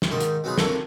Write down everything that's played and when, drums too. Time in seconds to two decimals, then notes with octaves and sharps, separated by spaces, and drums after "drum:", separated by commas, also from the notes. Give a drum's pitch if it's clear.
0.02 drum: snare
0.11 G#2 D#3 D#4 C6
0.20 drum: hi-hat
0.44 F#3 B3 D#4 F4 G#4 B4
0.58 F2 A#3 E4 A4 C#6, drum: snare